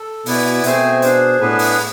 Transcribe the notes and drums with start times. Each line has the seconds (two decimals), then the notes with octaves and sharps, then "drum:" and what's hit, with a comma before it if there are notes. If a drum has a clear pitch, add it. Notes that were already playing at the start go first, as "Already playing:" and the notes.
Already playing: A4
0.26 B2 B3 E4 B4 D5 G#5, drum: open hi-hat
0.64 B2 A3 C4 G#4 C5 G#5, drum: hi-hat
1.02 D4 G#4 C5, drum: hi-hat
1.40 A2 B3 D4 G#4 B4
1.59 drum: open hi-hat